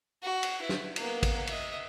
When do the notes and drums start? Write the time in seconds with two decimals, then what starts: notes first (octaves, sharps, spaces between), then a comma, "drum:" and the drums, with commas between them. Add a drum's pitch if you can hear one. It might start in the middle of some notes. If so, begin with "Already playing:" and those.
0.23 F#4
0.43 drum: cymbal
0.60 E4 B4
0.69 drum: snare
0.96 A#3 B3, drum: cymbal
1.23 drum: kick, cymbal
1.47 D#5 E5, drum: cymbal